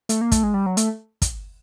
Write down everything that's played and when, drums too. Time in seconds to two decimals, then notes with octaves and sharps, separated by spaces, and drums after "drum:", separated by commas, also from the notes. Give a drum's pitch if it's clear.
0.09 A3, drum: hi-hat
0.21 A#3
0.32 A3, drum: kick, hi-hat
0.43 G#3
0.54 G3
0.66 F#3
0.77 A3, drum: hi-hat
1.22 drum: kick, hi-hat